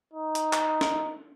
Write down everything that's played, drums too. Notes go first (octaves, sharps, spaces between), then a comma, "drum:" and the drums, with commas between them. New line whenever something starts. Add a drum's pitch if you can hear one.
D#4
drum: hi-hat
drum: clap
drum: snare